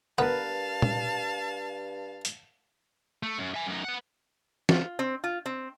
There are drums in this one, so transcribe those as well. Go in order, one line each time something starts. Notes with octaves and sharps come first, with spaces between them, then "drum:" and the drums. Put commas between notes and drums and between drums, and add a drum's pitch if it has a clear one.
G2 B3 A#4 B4 F5 A5
drum: tom A#2
drum: hi-hat
A3
F#2
E5 G#5
F#2 D#4
B4 F#5
F4, drum: snare
C4
F4
C4